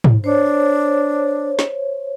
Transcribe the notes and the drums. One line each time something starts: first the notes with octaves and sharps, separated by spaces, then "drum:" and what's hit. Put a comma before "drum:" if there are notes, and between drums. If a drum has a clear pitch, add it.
drum: tom G#2
D4 C5 C#5
drum: snare